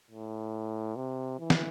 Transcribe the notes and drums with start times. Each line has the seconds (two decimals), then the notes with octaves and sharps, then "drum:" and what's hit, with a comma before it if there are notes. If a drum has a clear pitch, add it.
0.11 A2
0.96 C3
1.39 E3
1.50 drum: snare